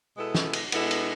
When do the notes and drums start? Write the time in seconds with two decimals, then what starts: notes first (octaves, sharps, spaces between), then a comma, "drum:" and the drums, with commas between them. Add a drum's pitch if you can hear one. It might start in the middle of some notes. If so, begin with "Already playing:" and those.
0.16 B2 G#3 B3 E4 A4
0.35 drum: snare
0.53 drum: cymbal
0.72 B2 G#3 B3 E4 A4, drum: cymbal
0.91 drum: cymbal